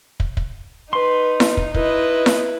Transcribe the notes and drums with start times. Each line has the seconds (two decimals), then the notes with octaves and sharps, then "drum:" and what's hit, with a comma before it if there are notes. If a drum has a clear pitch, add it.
0.20 drum: kick
0.37 drum: kick
0.93 D#4 B4 C6
1.40 drum: snare E4
1.57 drum: kick
1.74 E4 B4 D#5, drum: kick
2.26 drum: snare E4